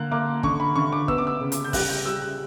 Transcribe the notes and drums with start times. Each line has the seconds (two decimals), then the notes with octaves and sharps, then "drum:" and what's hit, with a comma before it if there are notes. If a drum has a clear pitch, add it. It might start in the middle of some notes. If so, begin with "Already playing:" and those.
Already playing: D3 A#3 F#6
0.11 A#3 D6
0.43 D3 C#6, drum: kick
0.60 B5
0.75 D3 C#6
0.92 D6
1.08 B3 E6, drum: kick
1.18 D6
1.27 E6
1.41 C#3
1.52 drum: hi-hat
1.64 G6
1.73 G3 F#6, drum: kick, open hi-hat
1.90 G6
2.06 G3 E6
2.22 F#6